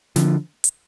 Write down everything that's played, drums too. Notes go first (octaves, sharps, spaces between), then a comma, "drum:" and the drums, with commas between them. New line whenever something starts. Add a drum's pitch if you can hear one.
D3 F3, drum: snare
drum: hi-hat